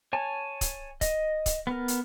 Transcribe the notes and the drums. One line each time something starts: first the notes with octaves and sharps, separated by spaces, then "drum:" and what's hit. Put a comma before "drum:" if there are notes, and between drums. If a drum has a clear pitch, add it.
C#5 G#5 A5
drum: kick C#1, hi-hat
D#5, drum: kick C#1, hi-hat
drum: kick C#1, hi-hat
B3 A#4
drum: hi-hat